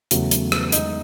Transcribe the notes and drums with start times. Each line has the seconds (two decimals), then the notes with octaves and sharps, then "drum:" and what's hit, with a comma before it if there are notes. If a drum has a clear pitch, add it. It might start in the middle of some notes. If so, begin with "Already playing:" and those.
0.11 E2 C#3 F#3 A3, drum: hi-hat
0.31 drum: hi-hat
0.52 drum: rim click
0.72 E2 D#3 G#3 D#4 D#5, drum: hi-hat